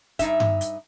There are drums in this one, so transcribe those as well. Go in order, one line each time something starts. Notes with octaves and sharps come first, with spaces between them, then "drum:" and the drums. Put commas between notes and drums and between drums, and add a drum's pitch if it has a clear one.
G2 D#4 E5, drum: kick, hi-hat
drum: tom G2
drum: hi-hat